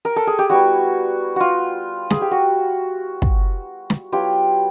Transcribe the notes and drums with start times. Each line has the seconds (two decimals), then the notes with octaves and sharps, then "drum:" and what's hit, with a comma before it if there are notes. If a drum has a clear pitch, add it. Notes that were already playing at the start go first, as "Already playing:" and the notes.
0.05 A#4
0.16 A4
0.27 G#4
0.39 G4
0.50 G3 B3 E4 F#4
1.36 F4 F#4
2.10 G#4, drum: snare
2.21 G4
2.31 F#4
3.22 drum: kick
3.90 drum: snare
4.12 F#3 B3 E4 F4 G4